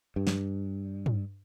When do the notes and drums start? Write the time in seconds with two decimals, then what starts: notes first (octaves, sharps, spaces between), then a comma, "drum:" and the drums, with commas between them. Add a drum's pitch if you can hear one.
0.16 G2
0.27 drum: snare
1.06 drum: tom